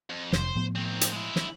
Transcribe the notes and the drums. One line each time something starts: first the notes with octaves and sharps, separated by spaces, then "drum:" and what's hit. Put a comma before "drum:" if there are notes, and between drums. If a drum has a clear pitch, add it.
F2
F1 C5, drum: snare
A2 F3 B3
D#3 C4
drum: hi-hat
G#3 E4
drum: snare